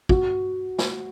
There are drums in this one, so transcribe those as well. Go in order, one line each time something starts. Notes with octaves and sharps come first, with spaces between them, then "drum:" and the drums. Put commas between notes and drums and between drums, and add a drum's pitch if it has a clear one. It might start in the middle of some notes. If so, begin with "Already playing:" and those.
F#4, drum: kick
drum: snare